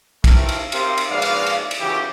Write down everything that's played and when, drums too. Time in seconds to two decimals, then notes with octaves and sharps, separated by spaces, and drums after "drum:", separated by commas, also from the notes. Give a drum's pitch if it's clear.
0.24 C3 E3 A3 A#4, drum: kick, cymbal
0.49 drum: cymbal
0.72 C4 G4 A#4 C5 F5, drum: cymbal
0.97 drum: cymbal
1.10 A#1 G#2 B4 D5 F5
1.22 drum: cymbal
1.46 drum: cymbal
1.71 drum: cymbal
1.80 C#3 E3 F#3 C#4 G4